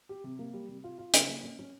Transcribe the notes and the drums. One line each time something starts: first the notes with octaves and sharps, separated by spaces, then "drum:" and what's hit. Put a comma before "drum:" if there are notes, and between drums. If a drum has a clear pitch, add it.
G4
C3
A#3
G3
C3
F4
F4
C#3, drum: hi-hat
A#3
C#4
C#4